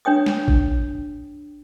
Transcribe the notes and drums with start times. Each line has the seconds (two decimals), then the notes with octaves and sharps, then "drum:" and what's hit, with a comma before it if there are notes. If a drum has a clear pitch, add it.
0.05 D4 C#5 G5 D#6
0.26 drum: snare
0.48 drum: kick A1